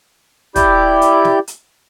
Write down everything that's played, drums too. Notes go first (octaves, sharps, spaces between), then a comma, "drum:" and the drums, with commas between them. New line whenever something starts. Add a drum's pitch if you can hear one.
E4 G4 D5 G6, drum: kick, hi-hat
drum: hi-hat
drum: snare
drum: hi-hat